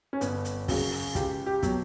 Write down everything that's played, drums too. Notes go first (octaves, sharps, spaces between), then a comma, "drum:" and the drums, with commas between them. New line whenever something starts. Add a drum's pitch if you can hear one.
C#4
G1 B3, drum: hi-hat
drum: hi-hat
F#2 C#3 F#3 F#4, drum: kick, open hi-hat
drum: open hi-hat
C#2 G4, drum: kick, hi-hat
G4
B2 F#3, drum: kick, hi-hat